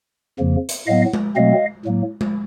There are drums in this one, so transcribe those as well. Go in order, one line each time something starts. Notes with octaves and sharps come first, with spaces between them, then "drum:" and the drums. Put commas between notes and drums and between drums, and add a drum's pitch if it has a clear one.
F2 C#3 F3 A#3
drum: hi-hat
A2 F#3 B3 D#5 F5
drum: tom G#3
B2 F#3 A3 C4 D#5 F5
A2 F#3 A#3
drum: tom G#3